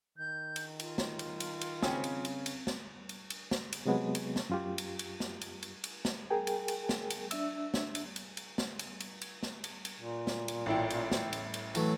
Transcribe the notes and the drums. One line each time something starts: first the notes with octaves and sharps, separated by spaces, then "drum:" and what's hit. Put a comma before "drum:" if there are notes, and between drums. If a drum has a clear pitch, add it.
D#3 G6
drum: cymbal
F4, drum: cymbal
drum: snare
drum: cymbal
drum: cymbal
drum: cymbal
C#3 C4 C#4 G#5, drum: snare
drum: cymbal
drum: cymbal
drum: cymbal
drum: snare
drum: cymbal
drum: cymbal
drum: snare
drum: cymbal
C3 F#3 G#3 B3
drum: cymbal
drum: snare
F#2 F4 G4
drum: cymbal
drum: cymbal
drum: snare
drum: cymbal
drum: cymbal
drum: cymbal
drum: snare
G#4 A#4 G5 G#5
drum: cymbal
drum: cymbal
drum: snare
drum: cymbal
D4 E5 E6, drum: cymbal
drum: snare
drum: cymbal
drum: cymbal
drum: cymbal
drum: snare
drum: cymbal
drum: cymbal
drum: cymbal
drum: snare
drum: cymbal
drum: cymbal
A#2
drum: snare
drum: cymbal
A1 E4 G5
drum: cymbal
drum: snare
drum: cymbal
drum: cymbal
E3 F#3 A3, drum: cymbal